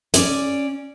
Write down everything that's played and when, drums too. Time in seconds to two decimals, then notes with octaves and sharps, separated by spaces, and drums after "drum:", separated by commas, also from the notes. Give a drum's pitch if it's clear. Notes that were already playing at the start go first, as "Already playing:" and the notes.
0.14 C#4 D5, drum: hi-hat